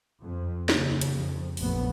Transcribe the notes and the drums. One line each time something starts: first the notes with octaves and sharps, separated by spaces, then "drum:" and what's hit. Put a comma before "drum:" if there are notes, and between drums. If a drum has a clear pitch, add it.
F2
D#2 C#3, drum: snare
drum: hi-hat
F2
F1 A#1 F#2 A3 B3, drum: open hi-hat